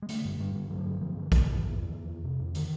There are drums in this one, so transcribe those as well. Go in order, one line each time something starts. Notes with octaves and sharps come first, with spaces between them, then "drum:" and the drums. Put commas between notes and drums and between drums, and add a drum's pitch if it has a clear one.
G#3
D3 A3, drum: hi-hat
G2
G2 G3
D3 G3
D3 F#3
G2
D3 F3
D3
C3 E3, drum: kick A#1, hi-hat
F2
F2
F2
F2
F2
C3
F2
D3 D#3, drum: hi-hat